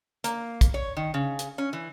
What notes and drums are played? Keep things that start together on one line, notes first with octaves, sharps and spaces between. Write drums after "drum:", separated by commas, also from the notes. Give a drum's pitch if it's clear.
A#3, drum: hi-hat
drum: kick, hi-hat
C#5
D#3
C#3
drum: hi-hat
C#4
E3